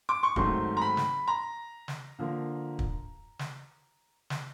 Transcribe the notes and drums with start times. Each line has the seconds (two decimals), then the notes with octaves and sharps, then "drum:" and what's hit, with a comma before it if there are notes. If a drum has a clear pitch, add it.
0.09 D6
0.23 C#6
0.36 G#2 D#3 F#3 A3 C4 C6, drum: kick
0.77 A#5
0.82 B5
0.97 drum: snare
1.28 A#5
1.88 drum: snare
2.18 D3 F3 A#3
2.79 drum: kick
3.39 drum: snare
4.30 drum: snare